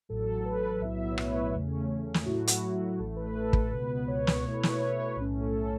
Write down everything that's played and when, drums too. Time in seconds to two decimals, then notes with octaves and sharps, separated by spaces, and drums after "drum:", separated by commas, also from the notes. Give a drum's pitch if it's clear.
0.09 A1 A2 F#3 A4
0.45 B4
0.81 B1 A2 F#3 B3 E4 E5
1.12 C#5
1.18 B4, drum: rim click
1.54 E2 C#3 A3 C#4
2.14 drum: snare
2.26 A2 F#3 A3 E4 F#4
2.47 drum: hi-hat
2.99 A1 A2 A3 A4
3.16 B4
3.35 A4
3.53 A4, drum: kick
3.71 C#2 B2 B3 B4
4.08 C#5
4.27 drum: snare
4.44 B2 A3 E4 C#5
4.54 B4
4.63 C#5, drum: snare
4.80 C#5
5.16 B1 A2 A3 C#4 B4
5.41 A4